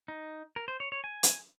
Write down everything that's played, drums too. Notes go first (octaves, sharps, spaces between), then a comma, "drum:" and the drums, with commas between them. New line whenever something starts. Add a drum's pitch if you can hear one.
D#4
A#4
C5
C#5
C#5
G#5
drum: hi-hat